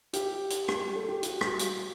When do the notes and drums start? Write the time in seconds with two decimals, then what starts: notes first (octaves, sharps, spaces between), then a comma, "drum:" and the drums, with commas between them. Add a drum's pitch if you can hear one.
0.13 G4, drum: hi-hat
0.50 drum: hi-hat
0.68 drum: rim click
0.95 A4
1.09 G4
1.23 F#4, drum: hi-hat
1.41 drum: rim click
1.59 drum: hi-hat